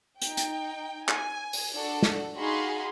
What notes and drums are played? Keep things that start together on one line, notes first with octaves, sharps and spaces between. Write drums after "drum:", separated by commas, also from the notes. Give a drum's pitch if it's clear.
D#4 G5, drum: hi-hat
drum: hi-hat
G#5, drum: clap
drum: open hi-hat
D4 F#4 A4
drum: snare
D#4 F#4 G#4 F5 B5 C6